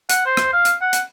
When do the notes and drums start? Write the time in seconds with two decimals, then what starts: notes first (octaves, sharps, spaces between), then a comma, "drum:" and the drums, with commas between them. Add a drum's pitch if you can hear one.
0.10 F#5, drum: hi-hat
0.26 C5
0.37 drum: rim click
0.53 F5
0.65 drum: hi-hat
0.82 F#5
0.93 drum: hi-hat